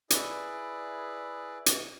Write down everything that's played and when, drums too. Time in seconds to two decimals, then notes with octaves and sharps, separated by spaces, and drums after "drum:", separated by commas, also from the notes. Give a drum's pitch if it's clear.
0.10 E4 G#4 B4 D5, drum: hi-hat
1.66 drum: hi-hat